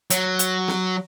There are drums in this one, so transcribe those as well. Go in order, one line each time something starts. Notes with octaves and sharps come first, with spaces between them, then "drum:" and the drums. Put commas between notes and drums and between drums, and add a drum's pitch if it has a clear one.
F#3, drum: hi-hat
drum: hi-hat
drum: snare